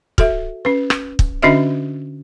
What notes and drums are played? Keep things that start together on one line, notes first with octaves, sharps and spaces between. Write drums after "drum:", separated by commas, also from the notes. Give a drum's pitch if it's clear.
F#4 A4 E5, drum: kick
C#4 B4
drum: rim click
drum: kick
D3 C#4 D4 F#4 D#5 E5